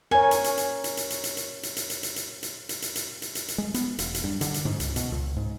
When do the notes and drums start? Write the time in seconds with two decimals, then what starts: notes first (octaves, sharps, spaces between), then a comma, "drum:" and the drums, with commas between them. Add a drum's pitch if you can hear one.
0.11 A#4 C#5 G#5
0.31 drum: hi-hat
0.44 drum: hi-hat
0.58 drum: hi-hat
0.84 drum: hi-hat
0.97 drum: hi-hat
1.10 drum: hi-hat
1.24 drum: hi-hat
1.37 drum: hi-hat
1.63 drum: hi-hat
1.77 drum: hi-hat
1.90 drum: hi-hat
2.03 drum: hi-hat
2.16 drum: hi-hat
2.43 drum: hi-hat
2.69 drum: hi-hat
2.82 drum: hi-hat
2.95 drum: hi-hat
3.22 drum: hi-hat
3.35 drum: hi-hat
3.48 drum: hi-hat
3.58 G#3
3.74 B3, drum: hi-hat
3.99 E1, drum: hi-hat
4.14 drum: hi-hat
4.24 G2
4.41 D3, drum: hi-hat
4.54 drum: hi-hat
4.65 G#2, drum: tom
4.80 C#2, drum: hi-hat
4.96 B2, drum: hi-hat
5.12 C#2
5.37 G#2